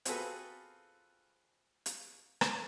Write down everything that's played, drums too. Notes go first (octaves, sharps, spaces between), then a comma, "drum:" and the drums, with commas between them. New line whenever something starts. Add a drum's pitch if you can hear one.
C4 F4 F#4 G#4 A4 B4, drum: hi-hat
drum: hi-hat
drum: rim click